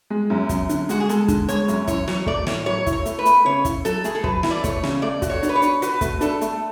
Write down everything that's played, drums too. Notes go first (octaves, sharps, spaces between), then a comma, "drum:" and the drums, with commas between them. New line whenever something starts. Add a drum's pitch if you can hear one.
G#3
F#2
F#2, drum: kick, hi-hat
D3, drum: hi-hat
G#3 F#4, drum: hi-hat
G#4
G#3 A4, drum: hi-hat
D3, drum: kick, hi-hat
G#3 C#5, drum: hi-hat
F#2, drum: hi-hat
E4 C#5, drum: kick, hi-hat
F#3 C#5, drum: snare
A3 D5, drum: kick
A2 C#5, drum: snare
F#3 C#5
E4, drum: kick, hi-hat
C#5
A3, drum: hi-hat
B4
A3, drum: hi-hat
C#3 C#5
E4, drum: kick, hi-hat
F#3 A4, drum: hi-hat
A3 G#4, drum: hi-hat
A4
F#3 B4, drum: kick
E4, drum: snare
D5
A3 C#5, drum: kick, hi-hat
C#3, drum: snare
A3 D5
F#4, drum: kick, hi-hat
C#5
D4, drum: hi-hat
B4
C#5
D4, drum: hi-hat
F#4 B4, drum: hi-hat
A3, drum: kick, hi-hat
D4 A4, drum: hi-hat
A3, drum: hi-hat